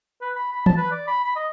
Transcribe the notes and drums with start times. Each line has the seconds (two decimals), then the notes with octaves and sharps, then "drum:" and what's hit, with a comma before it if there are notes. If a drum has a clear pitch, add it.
0.21 B4
0.36 B5
0.53 B5
0.66 A5, drum: tom E3
0.78 B4
0.91 D5
1.08 B5
1.25 B5
1.36 D#5